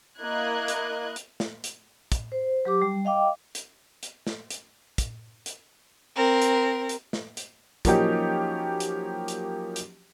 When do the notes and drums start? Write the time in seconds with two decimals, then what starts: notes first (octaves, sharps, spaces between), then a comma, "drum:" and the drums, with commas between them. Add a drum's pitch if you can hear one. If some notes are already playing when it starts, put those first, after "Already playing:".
0.19 A#3 E4 D#5 F#6 G#6
0.68 drum: hi-hat
1.16 drum: hi-hat
1.40 drum: snare
1.64 drum: hi-hat
2.12 drum: kick, hi-hat
2.32 C5
2.65 F#3 G4 D6
2.82 G3
3.05 D#5 F5 G5 D6
3.55 drum: hi-hat
4.03 drum: hi-hat
4.27 drum: snare
4.50 drum: hi-hat
4.98 drum: kick, hi-hat
5.46 drum: hi-hat
6.16 C4 A#4
6.42 drum: hi-hat
6.89 drum: hi-hat
7.13 drum: snare
7.37 drum: hi-hat
7.85 F3 F#3 A#3 C#4 D#4 G4, drum: kick, hi-hat
8.80 drum: hi-hat
9.28 drum: hi-hat
9.76 drum: hi-hat